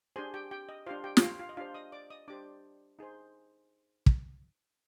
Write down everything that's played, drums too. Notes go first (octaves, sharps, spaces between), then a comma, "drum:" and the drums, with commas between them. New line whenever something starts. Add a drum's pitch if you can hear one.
D4 G4 G#4 C5 G#5
G4 G5
G4 G5
D#5
D4 F4 G4 C5 F5
G4 G5
G5, drum: snare
F4 F5
F4 F5
D#5
D4 F4 G4 C5 F5
D#5 D#6
D5 D6
D#5 D#6
D4 G4 C5 D5 D6
D#4 G#4 C5
drum: kick